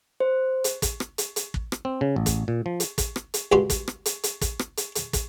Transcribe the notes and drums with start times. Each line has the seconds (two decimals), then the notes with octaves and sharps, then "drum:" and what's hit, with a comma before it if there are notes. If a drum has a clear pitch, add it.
0.20 C5
0.64 drum: hi-hat
0.82 drum: kick, hi-hat
1.00 drum: rim click
1.18 drum: hi-hat
1.36 drum: hi-hat
1.54 drum: kick
1.72 drum: rim click
1.85 C4
2.01 C#3
2.16 A1
2.26 drum: kick, hi-hat
2.48 A#2
2.66 F3
2.80 drum: hi-hat
2.98 drum: kick, hi-hat
3.16 drum: rim click
3.34 drum: hi-hat
3.52 C#2 G2 G3 F#4 C6
3.70 drum: kick, hi-hat
3.88 drum: rim click
4.06 drum: hi-hat
4.23 drum: hi-hat
4.41 drum: kick, hi-hat
4.59 drum: rim click
4.77 drum: hi-hat
4.95 drum: hi-hat
5.13 drum: kick, hi-hat